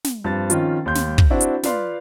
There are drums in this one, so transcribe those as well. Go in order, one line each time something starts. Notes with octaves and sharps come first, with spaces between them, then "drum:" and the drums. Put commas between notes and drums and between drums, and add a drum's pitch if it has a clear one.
drum: snare
G2 F3 C4 A6
D#3 F3 C4 C#4 F4, drum: hi-hat
D#2 C6 G6
drum: snare
drum: kick
C4 D4 E4 F#4
drum: hi-hat
F4 B4 D5 F5 C6, drum: snare